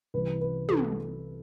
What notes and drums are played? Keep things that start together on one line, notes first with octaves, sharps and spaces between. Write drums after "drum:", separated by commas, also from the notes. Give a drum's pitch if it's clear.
C2 C3 E3 B4
B4
A4, drum: tom